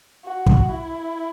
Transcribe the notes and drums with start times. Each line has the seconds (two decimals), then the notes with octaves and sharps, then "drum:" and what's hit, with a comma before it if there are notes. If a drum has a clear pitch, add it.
0.25 F#4
0.46 drum: kick
0.69 E4